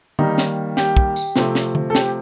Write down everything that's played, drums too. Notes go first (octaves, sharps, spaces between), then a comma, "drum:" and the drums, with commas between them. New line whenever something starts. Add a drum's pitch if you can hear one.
D#3 G3 A#3 D#4, drum: tom D3
drum: snare
G4, drum: snare
drum: kick
drum: tambourine
C3 F3 A3 C4, drum: snare
drum: snare
drum: tom D3
A4
G4, drum: snare